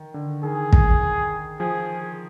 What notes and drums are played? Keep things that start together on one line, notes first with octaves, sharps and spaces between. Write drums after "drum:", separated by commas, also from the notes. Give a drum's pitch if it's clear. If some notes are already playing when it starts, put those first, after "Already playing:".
Already playing: D#3
D3
D#3 G#4
drum: kick
F3 G#4